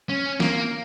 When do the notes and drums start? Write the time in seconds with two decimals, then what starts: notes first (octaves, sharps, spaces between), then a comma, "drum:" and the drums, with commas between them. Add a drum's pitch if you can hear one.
0.09 C#4
0.40 A#3, drum: snare